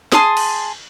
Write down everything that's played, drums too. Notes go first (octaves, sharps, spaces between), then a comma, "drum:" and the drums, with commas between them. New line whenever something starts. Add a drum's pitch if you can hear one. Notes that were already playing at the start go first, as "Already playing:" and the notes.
G#4 A5 C6 D#6, drum: snare
drum: cymbal